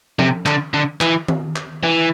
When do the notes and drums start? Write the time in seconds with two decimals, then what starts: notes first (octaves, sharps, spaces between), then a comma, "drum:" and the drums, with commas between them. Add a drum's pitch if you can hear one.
0.19 C3, drum: tom F3
0.46 D3, drum: clap
0.74 D3
1.01 E3, drum: clap
1.28 drum: tom D#3
1.56 drum: clap
1.83 E3